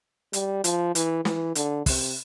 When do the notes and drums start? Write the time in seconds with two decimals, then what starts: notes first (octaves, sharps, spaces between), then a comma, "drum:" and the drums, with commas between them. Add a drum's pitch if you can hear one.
0.33 G3, drum: hi-hat
0.64 F3, drum: hi-hat
0.95 E3, drum: hi-hat
1.25 E3, drum: snare
1.55 D3, drum: hi-hat
1.86 C3, drum: kick, open hi-hat